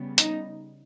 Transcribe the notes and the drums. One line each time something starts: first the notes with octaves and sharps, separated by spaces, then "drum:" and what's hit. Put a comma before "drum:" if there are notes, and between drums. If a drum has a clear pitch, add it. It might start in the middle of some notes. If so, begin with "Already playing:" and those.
Already playing: C#3 G3 B3
D#4, drum: hi-hat